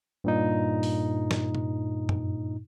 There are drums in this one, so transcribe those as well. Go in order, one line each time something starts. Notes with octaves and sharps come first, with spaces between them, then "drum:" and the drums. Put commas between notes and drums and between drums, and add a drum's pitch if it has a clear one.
G2 A#2 D#4
drum: open hi-hat
drum: snare
drum: tom C3
drum: tom F#2